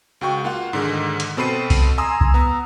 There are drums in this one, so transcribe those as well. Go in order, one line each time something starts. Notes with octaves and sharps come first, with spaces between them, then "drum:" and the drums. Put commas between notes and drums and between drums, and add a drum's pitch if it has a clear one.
C#2 F#4 G5 C#6
A#3 F4 F5 F#5
G#2 D3 D#3 G#3
drum: hi-hat
B2 C4 A4 B5 C7 D#7
drum: kick C2, open hi-hat
G#5 A#5 C6 D#6 E6
drum: kick C2
B3 A#5